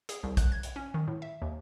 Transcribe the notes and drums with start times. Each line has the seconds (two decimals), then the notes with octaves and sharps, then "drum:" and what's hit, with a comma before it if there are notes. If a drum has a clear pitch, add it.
0.09 G#4, drum: hi-hat
0.23 C2
0.37 F#6, drum: kick A#1, hi-hat
0.52 G#6
0.63 drum: hi-hat
0.76 C#4
0.94 D#3
1.08 A2
1.22 E5
1.42 D#2